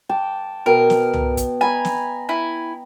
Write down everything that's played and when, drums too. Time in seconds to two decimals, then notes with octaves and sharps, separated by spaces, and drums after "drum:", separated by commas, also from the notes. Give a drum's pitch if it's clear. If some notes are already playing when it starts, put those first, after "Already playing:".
0.09 G5 A5 D6
0.66 B2 A#4 G5
0.90 drum: snare
1.14 drum: tom
1.37 drum: kick, hi-hat
1.61 D#5 G#5 A#5 B5
1.85 drum: snare
2.29 E4 G#5